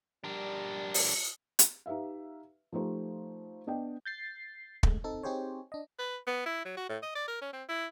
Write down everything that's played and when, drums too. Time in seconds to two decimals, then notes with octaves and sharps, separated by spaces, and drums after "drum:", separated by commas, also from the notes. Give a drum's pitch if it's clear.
0.24 G3 D4 A#4
0.94 drum: open hi-hat
1.59 drum: hi-hat
1.86 D#4 G4 B4 E5 F5
2.72 F3 A3 D#4 G4 C5
3.67 B3 D4 D#5 G5
4.05 G6 A6 C7
4.83 G#3 A3, drum: kick
5.04 C4 D#4 A4
5.23 C4 D#4 G4 G#4 C5 C#5
5.72 D4 D#5
5.99 B4
6.27 B3
6.46 E4
6.65 F#3
6.77 F#4
6.89 A2
7.03 D#5
7.15 D5
7.28 A#4
7.42 C#4
7.53 C4
7.69 E4